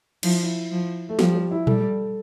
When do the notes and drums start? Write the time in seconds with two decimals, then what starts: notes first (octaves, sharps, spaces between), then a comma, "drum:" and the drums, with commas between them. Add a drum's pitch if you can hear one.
0.23 F3 E4, drum: cymbal
0.33 F4
0.43 E4
0.71 F3
1.09 A3
1.19 F3 G3, drum: snare
1.35 G3
1.51 E4
1.67 G3 A4, drum: tom A#2